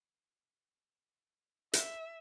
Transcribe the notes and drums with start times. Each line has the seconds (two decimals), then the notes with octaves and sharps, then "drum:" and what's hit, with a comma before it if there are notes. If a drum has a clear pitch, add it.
1.73 E5, drum: hi-hat